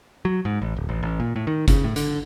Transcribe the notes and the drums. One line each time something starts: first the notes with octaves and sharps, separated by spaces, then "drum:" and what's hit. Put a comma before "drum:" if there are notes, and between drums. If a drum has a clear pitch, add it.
F#3
G#2
A1
D1
A1
A1
A#2
A2
D#3
C#3, drum: kick F#1, hi-hat
A2
D3, drum: hi-hat